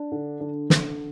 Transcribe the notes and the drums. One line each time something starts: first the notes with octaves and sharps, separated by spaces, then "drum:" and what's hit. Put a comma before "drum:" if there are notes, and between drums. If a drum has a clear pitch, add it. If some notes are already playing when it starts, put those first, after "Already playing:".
Already playing: D4
D3
D3
D3, drum: snare